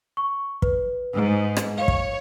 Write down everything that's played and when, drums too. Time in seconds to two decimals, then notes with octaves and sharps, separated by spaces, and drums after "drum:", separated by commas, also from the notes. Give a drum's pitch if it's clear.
0.17 C#6
0.62 B4, drum: kick
1.14 G#2
1.57 drum: rim click
1.78 C#5 F5
1.88 drum: kick